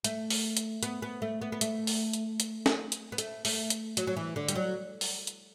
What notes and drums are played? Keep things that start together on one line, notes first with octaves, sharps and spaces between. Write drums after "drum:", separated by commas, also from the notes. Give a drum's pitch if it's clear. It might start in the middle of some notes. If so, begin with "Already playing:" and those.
A3, drum: hi-hat
drum: open hi-hat
drum: hi-hat
B3, drum: hi-hat
B3
A3
B3
B3
A3, drum: hi-hat
drum: open hi-hat
drum: hi-hat
drum: hi-hat
drum: snare
drum: hi-hat
B3
A3, drum: hi-hat
A3, drum: open hi-hat
drum: hi-hat
F#3, drum: hi-hat
F#3
E3
D3
G3, drum: hi-hat
F#3
drum: open hi-hat
drum: hi-hat